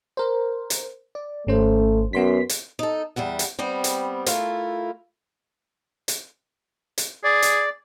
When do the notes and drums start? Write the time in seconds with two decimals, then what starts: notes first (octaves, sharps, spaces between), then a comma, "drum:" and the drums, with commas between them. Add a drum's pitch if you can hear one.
0.17 A#4 C5
0.70 drum: hi-hat
1.15 D5
1.47 G#1 A3 C#4 C5
2.13 F#2 B3 C6 B6
2.49 drum: hi-hat
2.79 D#4 A4
3.16 E2 G3 E5 F#5
3.39 drum: hi-hat
3.59 G3 B3 C4
3.84 drum: hi-hat
4.26 A3 E4 F4 A#4, drum: hi-hat
6.08 drum: hi-hat
6.98 drum: hi-hat
7.24 G#4 D5
7.42 drum: hi-hat